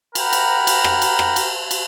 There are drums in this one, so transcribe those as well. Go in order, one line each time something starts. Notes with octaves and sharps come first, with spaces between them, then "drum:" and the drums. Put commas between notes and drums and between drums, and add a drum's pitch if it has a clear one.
A#4 F#5 G5 A#5 B5, drum: cymbal
drum: cymbal
drum: cymbal
drum: rim click
drum: cymbal
drum: rim click
drum: cymbal
drum: cymbal